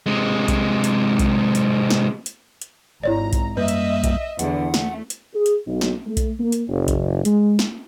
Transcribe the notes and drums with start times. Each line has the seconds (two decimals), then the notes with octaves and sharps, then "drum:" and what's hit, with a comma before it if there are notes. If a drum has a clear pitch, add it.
0.06 C3 G#3
0.48 drum: kick B1, hi-hat
0.84 drum: hi-hat
1.19 drum: kick B1, hi-hat
1.55 drum: hi-hat
1.90 drum: snare
2.26 drum: hi-hat
2.62 drum: hi-hat
3.03 G#1 E4 C#5 D5 A#5
3.33 drum: kick B1, hi-hat
3.57 F#2 G3 A#3 B4 D#5 E5
3.68 drum: hi-hat
4.04 drum: kick B1, hi-hat
4.39 E2 D3 F#5, drum: hi-hat
4.74 A3, drum: snare
5.10 drum: hi-hat
5.34 G#4
5.46 drum: hi-hat
5.68 B1
5.81 drum: snare
6.07 A3
6.17 drum: kick B1, hi-hat
6.40 A#3
6.52 drum: hi-hat
6.68 F#1
6.88 drum: kick B1, hi-hat
7.25 G#3, drum: hi-hat
7.59 drum: snare